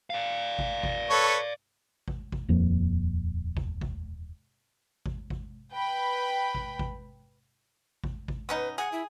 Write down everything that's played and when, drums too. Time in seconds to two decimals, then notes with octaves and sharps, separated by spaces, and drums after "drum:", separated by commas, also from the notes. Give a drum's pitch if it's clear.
0.10 D5 F5
0.59 drum: kick G#1
0.83 drum: kick G#1
1.10 A4 B4 C#5
2.08 drum: kick G#1
2.32 drum: kick G#1
2.48 D#1 F2 F3 A#3
3.57 drum: kick G#1
3.81 drum: kick G#1
5.06 drum: kick G#1
5.30 drum: kick G#1
5.73 B4 G5 B5
6.55 drum: kick G#1
6.79 drum: kick G#1
8.04 drum: kick G#1
8.28 drum: kick G#1
8.49 B3 C#4 D#4 B4
8.78 G#4 F#5
8.92 E4